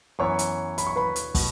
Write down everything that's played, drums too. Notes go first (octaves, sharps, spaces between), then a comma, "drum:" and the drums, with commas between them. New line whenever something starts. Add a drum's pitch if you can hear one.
F#2 E3 B3 C#5 C#6
drum: hi-hat
B5, drum: hi-hat
C#6
B4 B5
drum: hi-hat
B2, drum: kick, open hi-hat